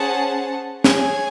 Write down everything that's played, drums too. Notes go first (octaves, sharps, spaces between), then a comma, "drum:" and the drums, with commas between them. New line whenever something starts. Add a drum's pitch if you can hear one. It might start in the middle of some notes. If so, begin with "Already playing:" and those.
Already playing: C#4 G#4 C5 F#5 A5
G#4 C#5 G#5, drum: snare